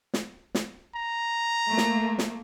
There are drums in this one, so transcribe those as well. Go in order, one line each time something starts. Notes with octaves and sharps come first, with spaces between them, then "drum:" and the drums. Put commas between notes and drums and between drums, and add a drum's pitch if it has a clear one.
drum: snare
drum: snare
A#5
A3 A#3
drum: snare
drum: snare